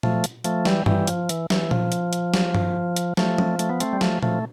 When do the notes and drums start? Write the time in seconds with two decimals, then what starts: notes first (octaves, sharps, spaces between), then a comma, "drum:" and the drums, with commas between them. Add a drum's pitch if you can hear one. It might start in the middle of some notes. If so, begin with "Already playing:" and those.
0.03 F3 A3, drum: tom A#2
0.24 drum: hi-hat
0.44 F3 A3, drum: hi-hat
0.65 E3 G3, drum: snare
0.86 E3 G3, drum: tom G2
1.07 F3, drum: hi-hat
1.29 E3, drum: hi-hat
1.50 E3, drum: snare
1.71 F3, drum: tom A#2
1.92 drum: hi-hat
2.13 drum: hi-hat
2.34 drum: snare
2.55 drum: tom G2
2.96 drum: hi-hat
3.17 F3 A3, drum: snare
3.38 drum: tom
3.59 A3, drum: hi-hat
3.69 B3
3.80 A3 C4, drum: hi-hat
3.93 G3
4.01 F3 A3, drum: snare
4.23 F3 A3, drum: tom A#2